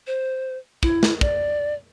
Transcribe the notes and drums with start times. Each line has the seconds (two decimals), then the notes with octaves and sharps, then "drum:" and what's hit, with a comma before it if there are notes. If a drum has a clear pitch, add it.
0.07 C5
0.83 E4, drum: kick
1.03 drum: snare
1.21 D5, drum: kick